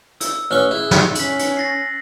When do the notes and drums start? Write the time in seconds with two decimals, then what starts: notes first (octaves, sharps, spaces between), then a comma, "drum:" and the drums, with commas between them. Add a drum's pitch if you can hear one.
0.21 E6, drum: hi-hat
0.51 A1 C#4 C#6 F6 F#6 G7
0.71 E4 G#4
0.91 drum: snare
1.15 C#4 B6 F#7, drum: hi-hat
1.39 drum: hi-hat
1.57 A6 A#6 C7